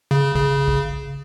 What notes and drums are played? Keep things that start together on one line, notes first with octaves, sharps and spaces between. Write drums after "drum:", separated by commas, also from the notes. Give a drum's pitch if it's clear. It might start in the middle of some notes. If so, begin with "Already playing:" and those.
C#3
C#3, drum: kick
drum: kick